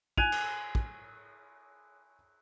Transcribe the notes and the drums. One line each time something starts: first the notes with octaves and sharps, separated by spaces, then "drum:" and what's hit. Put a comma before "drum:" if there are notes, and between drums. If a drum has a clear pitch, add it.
G#5 F#6 G#6 D#7 F7, drum: kick
drum: cymbal
drum: kick